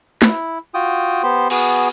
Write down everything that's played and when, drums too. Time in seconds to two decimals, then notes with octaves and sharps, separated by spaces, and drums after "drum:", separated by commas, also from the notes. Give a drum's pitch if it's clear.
0.22 E4, drum: snare
0.74 F4 F#4 G5 D#6
1.23 B3 G4 C5 C6
1.50 B3 F#4 G#4, drum: cymbal